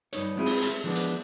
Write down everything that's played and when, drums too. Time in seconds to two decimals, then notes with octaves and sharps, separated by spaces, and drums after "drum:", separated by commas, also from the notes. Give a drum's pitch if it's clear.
0.13 G2 D#4 C#5, drum: hi-hat
0.37 G#3 B3 C4 E4 F4 G#4
0.46 drum: open hi-hat
0.62 drum: hi-hat
0.83 E3 F3 G#3 B3 D4
0.96 drum: hi-hat